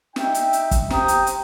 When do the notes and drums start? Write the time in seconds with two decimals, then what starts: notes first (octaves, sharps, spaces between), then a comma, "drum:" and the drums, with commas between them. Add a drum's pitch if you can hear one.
0.16 D#4 E5 G5, drum: snare
0.34 drum: hi-hat
0.53 drum: hi-hat
0.71 drum: kick, hi-hat
0.90 G4 C5 G5 A#5 D#6, drum: snare
1.08 drum: hi-hat
1.27 drum: hi-hat